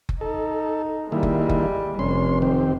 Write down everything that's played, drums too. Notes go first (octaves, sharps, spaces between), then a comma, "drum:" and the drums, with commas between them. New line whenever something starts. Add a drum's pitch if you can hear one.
drum: kick F#1
D#4 A4
D#3 G3 G#3 A#3 E4
drum: kick F#1
drum: kick F#1
F1 C#4 C6
D#3 C4 G4